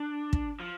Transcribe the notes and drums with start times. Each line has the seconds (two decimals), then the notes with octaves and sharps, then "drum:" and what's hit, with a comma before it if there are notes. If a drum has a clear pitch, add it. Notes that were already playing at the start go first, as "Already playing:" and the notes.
Already playing: D4
0.33 drum: kick
0.60 F3